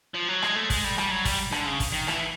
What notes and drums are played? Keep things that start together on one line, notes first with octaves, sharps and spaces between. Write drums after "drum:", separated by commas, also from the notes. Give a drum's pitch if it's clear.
F3
F#3
G#3, drum: rim click
A3
G#3, drum: kick, open hi-hat
G3
G3, drum: rim click
F#3
G3, drum: kick, open hi-hat
D3, drum: rim click
C#3
drum: kick, open hi-hat
D#3
E3, drum: rim click